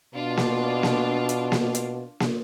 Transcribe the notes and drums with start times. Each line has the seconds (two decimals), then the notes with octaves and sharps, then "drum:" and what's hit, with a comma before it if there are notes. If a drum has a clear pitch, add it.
0.15 B2 D4 F4
0.37 drum: snare A#3
0.83 drum: snare A#3
1.29 drum: hi-hat
1.52 drum: snare A#3
1.75 drum: hi-hat
2.20 drum: snare A#3